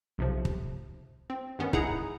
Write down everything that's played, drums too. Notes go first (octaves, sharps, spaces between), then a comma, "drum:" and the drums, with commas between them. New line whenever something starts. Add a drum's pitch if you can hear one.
B1 C3 F3
drum: kick
C4
G2 D#3 B3 C#4
D#4 E4 G#4 F#5 A#5, drum: kick